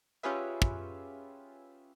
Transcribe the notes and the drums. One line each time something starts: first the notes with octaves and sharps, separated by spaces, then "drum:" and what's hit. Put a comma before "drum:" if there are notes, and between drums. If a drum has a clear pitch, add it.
C#4 F4 G4 G#4 B4 E5
drum: kick